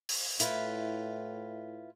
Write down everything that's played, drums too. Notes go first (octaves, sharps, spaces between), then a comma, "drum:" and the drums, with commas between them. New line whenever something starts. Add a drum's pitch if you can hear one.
drum: open hi-hat
A2 E4 F4 B4, drum: hi-hat